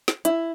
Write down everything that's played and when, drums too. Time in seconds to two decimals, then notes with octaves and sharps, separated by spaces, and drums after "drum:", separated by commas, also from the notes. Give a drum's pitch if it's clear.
0.08 drum: snare
0.25 E4, drum: hi-hat